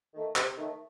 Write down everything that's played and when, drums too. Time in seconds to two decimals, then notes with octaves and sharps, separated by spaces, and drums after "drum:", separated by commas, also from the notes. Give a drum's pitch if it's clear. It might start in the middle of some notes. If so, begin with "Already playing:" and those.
0.14 D#3 A3
0.36 C3, drum: clap
0.57 D#3 A3